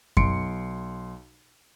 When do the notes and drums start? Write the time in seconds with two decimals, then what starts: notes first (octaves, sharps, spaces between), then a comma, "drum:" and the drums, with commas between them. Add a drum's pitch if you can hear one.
0.17 B1 C6 C#7 D7, drum: kick F#2